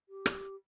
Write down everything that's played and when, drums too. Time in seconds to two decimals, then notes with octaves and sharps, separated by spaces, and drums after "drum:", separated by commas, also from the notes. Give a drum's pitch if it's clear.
0.09 G4
0.26 drum: rim click